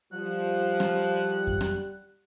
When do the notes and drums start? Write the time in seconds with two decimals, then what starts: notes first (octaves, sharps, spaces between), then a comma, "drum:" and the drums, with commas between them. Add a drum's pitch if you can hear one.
0.13 F3 G3 F#5
0.80 drum: rim click
1.47 drum: kick F#2
1.61 drum: rim click